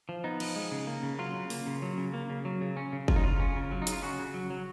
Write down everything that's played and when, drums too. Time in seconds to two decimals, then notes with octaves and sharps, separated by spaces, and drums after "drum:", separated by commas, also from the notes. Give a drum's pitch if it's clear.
0.09 F3
0.24 B3 D#4
0.40 F3, drum: cymbal
0.56 G#3
0.72 C#3
0.87 A#3
1.03 C#3
1.19 F#3 F4
1.34 C#3
1.50 A#3, drum: open hi-hat
1.67 C#3
1.82 F#3
1.98 C#3
2.14 A#3
2.30 C#3
2.45 F#3
2.61 C#3
2.77 C#4
2.93 C#3
3.08 F#3 F4, drum: kick
3.16 D#4
3.24 C#3 F4
3.39 C#4
3.56 C#3
3.71 F#3
3.82 D#4
3.87 C#3, drum: hi-hat
3.92 F4
4.03 C#4 F#4
4.19 C#3
4.34 F#3
4.50 F#3